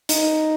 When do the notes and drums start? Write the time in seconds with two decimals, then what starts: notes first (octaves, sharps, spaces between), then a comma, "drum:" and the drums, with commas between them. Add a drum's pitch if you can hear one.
0.09 D#4, drum: hi-hat